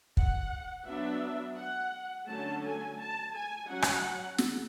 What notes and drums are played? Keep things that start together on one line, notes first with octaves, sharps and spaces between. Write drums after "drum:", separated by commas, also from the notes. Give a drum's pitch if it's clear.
F#5, drum: kick
F#3 B3 D4 E5
F#5
D3 F#3 A3 C#4 A5
G#5
A5
G#5
F#3 C#4 F#5
drum: rim click
drum: snare